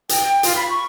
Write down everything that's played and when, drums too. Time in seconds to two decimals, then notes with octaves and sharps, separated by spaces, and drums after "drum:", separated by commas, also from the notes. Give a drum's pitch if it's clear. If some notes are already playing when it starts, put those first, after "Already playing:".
0.09 G5, drum: hi-hat
0.22 G5
0.43 F4, drum: hi-hat
0.55 B5
0.68 C#6